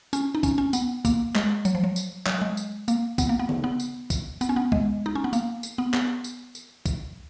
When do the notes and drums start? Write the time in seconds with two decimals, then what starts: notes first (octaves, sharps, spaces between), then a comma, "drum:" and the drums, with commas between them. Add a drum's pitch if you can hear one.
0.13 C#4, drum: tambourine
0.35 D#4
0.43 C#4, drum: kick, tambourine
0.58 C#4
0.73 B3, drum: tambourine
1.05 A#3, drum: kick, tambourine
1.35 G#3, drum: clap
1.65 F#3, drum: tambourine
1.75 F3
1.84 F#3
1.96 drum: tambourine
2.26 F#3, drum: clap
2.42 G#3
2.57 drum: tambourine
2.88 A#3, drum: tambourine
3.18 B3, drum: kick, tambourine
3.29 A#3
3.39 B3
3.49 drum: tom C#3
3.64 B3
3.80 drum: tambourine
4.10 drum: kick, tambourine
4.41 B3, drum: tambourine
4.49 C#4
4.56 B3
4.72 G#3, drum: kick
5.06 D#4
5.15 C#4
5.24 B3
5.33 A#3, drum: tambourine
5.63 drum: tambourine
5.78 B3
5.94 B3, drum: clap
6.24 drum: tambourine
6.55 drum: tambourine
6.86 drum: kick, tambourine